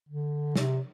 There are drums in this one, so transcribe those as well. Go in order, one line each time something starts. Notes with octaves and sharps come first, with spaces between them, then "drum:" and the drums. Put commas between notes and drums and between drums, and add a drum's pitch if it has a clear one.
D3
C3, drum: snare